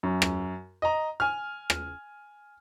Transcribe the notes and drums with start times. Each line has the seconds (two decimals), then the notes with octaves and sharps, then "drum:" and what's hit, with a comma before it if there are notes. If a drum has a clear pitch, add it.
0.03 F#2
0.22 drum: rim click
0.82 D#5 A#5
1.20 G#5 F6
1.70 drum: rim click